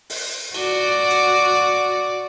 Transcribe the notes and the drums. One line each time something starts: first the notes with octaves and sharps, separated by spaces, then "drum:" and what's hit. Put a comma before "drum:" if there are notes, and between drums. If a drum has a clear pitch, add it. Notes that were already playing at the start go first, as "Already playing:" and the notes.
drum: open hi-hat
F#4 D5, drum: cymbal
drum: hi-hat